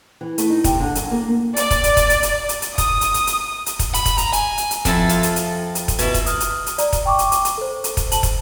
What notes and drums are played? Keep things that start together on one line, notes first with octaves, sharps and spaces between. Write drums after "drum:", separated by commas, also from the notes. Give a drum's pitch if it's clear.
E3
A3, drum: hi-hat
D#4
C3, drum: kick, hi-hat
D3
F#2, drum: hi-hat
A#3
D5, drum: hi-hat
drum: kick, hi-hat
drum: hi-hat
drum: kick, hi-hat
drum: hi-hat
drum: hi-hat
drum: hi-hat
drum: hi-hat
D#6, drum: kick, hi-hat
drum: hi-hat
drum: hi-hat
drum: hi-hat
drum: hi-hat
drum: kick, hi-hat
B5, drum: hi-hat
drum: kick, hi-hat
A#5, drum: hi-hat
G#5, drum: hi-hat
drum: hi-hat
drum: hi-hat
F2 C4 E4 A4 A5, drum: kick, hi-hat
F4, drum: hi-hat
drum: hi-hat
drum: hi-hat
drum: hi-hat
drum: kick, hi-hat
B2 E4, drum: hi-hat
drum: kick, hi-hat
D#6 F6, drum: hi-hat
drum: hi-hat
drum: hi-hat
D5 A#5, drum: hi-hat
drum: kick, hi-hat
G5 C#6 D6
drum: hi-hat
drum: hi-hat
drum: hi-hat
A4 C5
drum: hi-hat
drum: kick, hi-hat
A5 F#7, drum: hi-hat
drum: kick, hi-hat